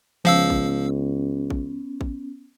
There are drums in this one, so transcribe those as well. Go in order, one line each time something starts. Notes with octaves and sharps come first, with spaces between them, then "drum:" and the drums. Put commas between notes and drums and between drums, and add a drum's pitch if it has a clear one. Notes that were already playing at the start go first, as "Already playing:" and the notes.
C#2 F3 B3 C#4 F5 E6
drum: kick A1
drum: kick A1
drum: kick A1